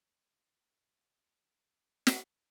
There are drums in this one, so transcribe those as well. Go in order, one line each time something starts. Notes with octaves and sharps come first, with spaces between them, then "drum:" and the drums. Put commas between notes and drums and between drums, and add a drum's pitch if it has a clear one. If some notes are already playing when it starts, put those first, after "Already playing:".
Already playing: G#2 E3 G#3 B3 E4
F#3 A3 D4 G#4
B4
drum: snare